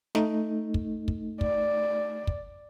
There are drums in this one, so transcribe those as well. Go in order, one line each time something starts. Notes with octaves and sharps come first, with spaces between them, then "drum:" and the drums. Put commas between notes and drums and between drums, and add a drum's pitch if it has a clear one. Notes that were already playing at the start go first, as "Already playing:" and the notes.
A3 D#4, drum: snare
drum: kick
drum: kick
D5, drum: kick
drum: kick